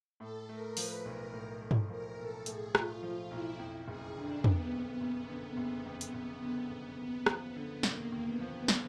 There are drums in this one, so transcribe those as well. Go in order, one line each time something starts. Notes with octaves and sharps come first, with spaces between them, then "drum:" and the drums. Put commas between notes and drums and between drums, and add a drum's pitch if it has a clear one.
A2 A4
A3 A#4
F3 B4, drum: open hi-hat
B1 A#4
A2
A3
drum: tom
F3 A#4
B1 A4
A2 G#4, drum: hi-hat
A3 F4, drum: rim click
F3 F4
B1 E4
F2
F#1 G#4
D3 D4
F#1 B3, drum: tom
F2
F#1
D3
F#1
F2
drum: hi-hat
F#1
D3
F#1
D#2 B3
F3, drum: rim click
B3
D3
E1 A#3, drum: snare
D#2
B3
F3
D3, drum: snare